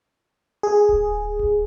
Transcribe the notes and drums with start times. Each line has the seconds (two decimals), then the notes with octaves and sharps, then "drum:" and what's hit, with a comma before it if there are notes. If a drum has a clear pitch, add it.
0.63 G#4
0.89 drum: kick D1
1.39 drum: kick D1